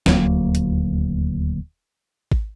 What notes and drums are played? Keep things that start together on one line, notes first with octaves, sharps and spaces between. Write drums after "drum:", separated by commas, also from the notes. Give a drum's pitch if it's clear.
D#1 D2 F#3 A#3, drum: snare
drum: hi-hat
drum: kick G#1